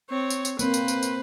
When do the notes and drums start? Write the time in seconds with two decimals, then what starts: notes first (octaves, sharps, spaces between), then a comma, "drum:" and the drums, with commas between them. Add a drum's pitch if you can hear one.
0.10 C4 C#5
0.30 drum: tambourine
0.45 drum: tambourine
0.59 A#3 C4 B4 C5, drum: tambourine
0.74 drum: tambourine
0.88 drum: tambourine
1.03 drum: tambourine